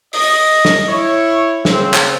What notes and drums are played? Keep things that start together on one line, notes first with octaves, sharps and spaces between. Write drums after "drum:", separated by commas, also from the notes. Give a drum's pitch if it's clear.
D#5, drum: open hi-hat
drum: snare
E4 C#5
C#3 A#3 C4, drum: snare
drum: clap